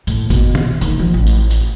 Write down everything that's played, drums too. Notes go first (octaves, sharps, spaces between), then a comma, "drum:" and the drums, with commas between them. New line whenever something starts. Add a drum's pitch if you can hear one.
A2, drum: tambourine
B2, drum: kick F#1, tambourine
drum: tom
D#3, drum: tambourine
F3
A1
drum: tambourine
drum: tambourine